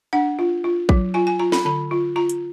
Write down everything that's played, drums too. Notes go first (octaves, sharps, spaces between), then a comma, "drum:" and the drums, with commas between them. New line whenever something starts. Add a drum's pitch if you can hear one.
D4 F#5
F4
F4
F#3, drum: kick
F4 G#5
G#5
F4 A#5
B5, drum: snare
D3 B5
F4
F4 A#5
drum: hi-hat